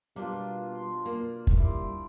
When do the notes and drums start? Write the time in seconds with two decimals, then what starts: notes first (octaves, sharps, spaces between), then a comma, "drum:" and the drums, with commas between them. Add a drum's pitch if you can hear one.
0.16 B2 G3 A#3 D4 F4
0.75 C6
1.06 B2 A#3 D5
1.47 drum: kick
1.57 G3 E4 C5 D5